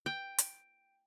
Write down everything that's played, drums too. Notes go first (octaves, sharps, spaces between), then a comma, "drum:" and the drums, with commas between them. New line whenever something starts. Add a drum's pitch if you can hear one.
G5
drum: hi-hat